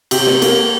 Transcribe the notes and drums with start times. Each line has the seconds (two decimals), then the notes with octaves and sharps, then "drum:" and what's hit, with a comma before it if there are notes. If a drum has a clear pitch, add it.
0.11 C3 G4, drum: cymbal
0.27 drum: snare
0.42 A#3, drum: cymbal